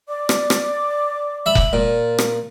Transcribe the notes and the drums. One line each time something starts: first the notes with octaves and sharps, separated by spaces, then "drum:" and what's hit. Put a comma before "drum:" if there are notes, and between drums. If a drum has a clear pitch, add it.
D5 D6
drum: rim click
drum: rim click
E5 B5
drum: kick F1
A#2
drum: rim click